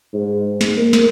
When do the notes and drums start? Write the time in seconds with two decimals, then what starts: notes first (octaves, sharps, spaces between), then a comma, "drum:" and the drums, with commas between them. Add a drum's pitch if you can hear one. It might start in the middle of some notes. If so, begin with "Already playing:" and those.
0.14 G#2
0.61 drum: snare
0.77 A#3
0.93 drum: snare